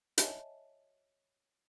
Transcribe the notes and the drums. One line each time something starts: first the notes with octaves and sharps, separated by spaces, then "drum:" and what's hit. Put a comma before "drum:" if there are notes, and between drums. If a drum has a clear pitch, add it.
C#5 D#5 E5 G#5 A5, drum: hi-hat